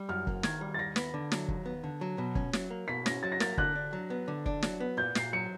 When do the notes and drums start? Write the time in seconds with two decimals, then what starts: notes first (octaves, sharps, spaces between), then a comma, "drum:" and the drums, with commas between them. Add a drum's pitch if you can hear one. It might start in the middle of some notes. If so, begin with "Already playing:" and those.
Already playing: G3
0.09 F#2 F6
0.27 A#3, drum: kick
0.43 D#3 G#6, drum: snare
0.61 G3
0.74 A6
0.79 D#2 A#6
0.96 B3, drum: snare
1.14 D3
1.32 F#3, drum: snare
1.48 D#2, drum: kick
1.65 B3
1.84 D3
2.01 F#3
2.18 B2
2.35 C#4, drum: kick
2.53 F#3, drum: snare
2.70 A#3
2.88 B2 B6
3.06 C#4 A#6, drum: snare
3.23 F#3 A6
3.32 A#6
3.40 A#3 A6, drum: snare
3.58 D3 F#6, drum: kick
3.75 D4
3.93 F#3
4.10 B3
4.28 D3
4.46 D4, drum: kick
4.62 F#3, drum: snare
4.80 B3
4.97 A#2 G6
5.15 A#2 C7, drum: snare
5.33 F#3 C#7